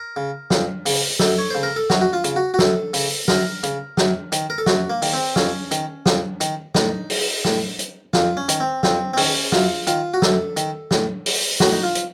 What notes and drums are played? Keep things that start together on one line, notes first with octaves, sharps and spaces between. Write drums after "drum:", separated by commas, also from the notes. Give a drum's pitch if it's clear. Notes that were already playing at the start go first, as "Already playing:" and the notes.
Already playing: A#4
C#3
F2, drum: snare
C#3, drum: open hi-hat
F#2 A4, drum: snare
C#5
C#3 C5
A#4
A4
F#2 F#4, drum: snare
F#4
F4
C#3, drum: hi-hat
F#4
F#4
F#2 A4, drum: snare
C#3, drum: open hi-hat
F#2 A#4, drum: snare
C#3, drum: hi-hat
F#2, drum: snare
D#3, drum: hi-hat
A#4
A4
F#2 F#4, drum: snare
A#3
D#3, drum: open hi-hat
C4
F2 C#4, drum: snare
D#3, drum: hi-hat
F2, drum: snare
D#3, drum: hi-hat
A2 D#4, drum: snare
drum: open hi-hat
A2, drum: snare
drum: hi-hat
F2 F4, drum: snare
C#4
D#3, drum: hi-hat
C4
F2 C4, drum: snare
C4
D#3 C#4, drum: open hi-hat
F#2 F4, drum: snare
D#3 F4, drum: hi-hat
F#4
F#2 A4, drum: snare
D#3, drum: hi-hat
A2, drum: snare
drum: open hi-hat
A2 F#4, drum: snare
D#4
F4
drum: hi-hat